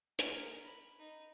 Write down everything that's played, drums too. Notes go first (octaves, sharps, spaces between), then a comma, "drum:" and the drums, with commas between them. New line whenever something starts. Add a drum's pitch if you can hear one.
A#4, drum: hi-hat
B5
D#4